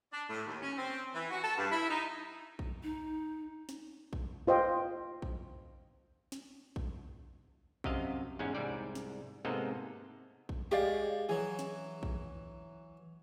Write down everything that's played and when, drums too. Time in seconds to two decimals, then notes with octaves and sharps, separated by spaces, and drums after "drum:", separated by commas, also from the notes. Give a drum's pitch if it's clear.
0.13 D4
0.30 A2
0.46 D#2
0.61 C#4
0.77 C4
1.14 E3
1.31 F#4
1.44 A4
1.57 G2
1.71 E4
1.90 D#4
2.59 drum: kick A#1
2.83 D#4
3.69 drum: snare
4.13 drum: kick A#1
4.47 F4 C5 D#5 G5
5.22 drum: kick A#1
6.32 drum: snare
6.76 drum: kick A#1
7.84 F#2 C3 D#5 F5, drum: kick A#1
8.39 E2 G#2 G#3 C#4
8.55 C2 G#2 G3 D5
8.95 drum: snare
9.45 G#2 C3 A#3 B3 A4 D#5
10.49 drum: kick A#1
10.71 G#3 G4 D5 F5
11.29 E3 F#3 G#4
11.59 drum: snare
12.03 drum: kick A#1